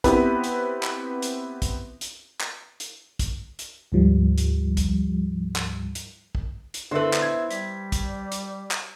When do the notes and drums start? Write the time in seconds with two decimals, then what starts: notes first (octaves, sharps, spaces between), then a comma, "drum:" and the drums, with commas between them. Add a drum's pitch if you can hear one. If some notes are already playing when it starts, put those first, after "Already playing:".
0.04 B3 C4 E4 G4 B4, drum: kick, hi-hat
0.44 drum: hi-hat
0.83 drum: clap
1.22 drum: hi-hat
1.62 drum: kick, hi-hat
2.01 drum: hi-hat
2.41 drum: clap
2.80 drum: hi-hat
3.19 drum: kick, hi-hat
3.59 drum: hi-hat
3.92 D2 G#2 F3 G3
4.38 drum: hi-hat
4.77 drum: kick, hi-hat
5.56 drum: clap
5.95 drum: hi-hat
6.35 drum: kick
6.74 drum: hi-hat
6.91 D3 B3 E4 A4 B4 C5 E5
7.13 drum: clap
7.22 G#6
7.50 G3 B6, drum: hi-hat
7.92 drum: kick, hi-hat
8.32 drum: hi-hat
8.71 drum: clap